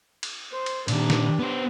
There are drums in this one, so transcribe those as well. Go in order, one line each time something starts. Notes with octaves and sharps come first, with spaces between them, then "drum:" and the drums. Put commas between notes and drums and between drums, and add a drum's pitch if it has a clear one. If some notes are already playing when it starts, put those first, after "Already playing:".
drum: cymbal
C5
drum: cymbal
A#2 D#3 D4 G4, drum: cymbal
drum: snare
B3 C5